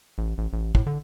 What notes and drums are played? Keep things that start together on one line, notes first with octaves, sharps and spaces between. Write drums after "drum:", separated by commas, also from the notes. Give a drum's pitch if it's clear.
A1
A1
A1
A2, drum: kick
D3